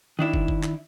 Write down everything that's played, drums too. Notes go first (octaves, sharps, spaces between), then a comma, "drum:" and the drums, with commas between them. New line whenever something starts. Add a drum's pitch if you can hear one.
D#3 D4 E4
drum: kick
drum: kick
drum: clap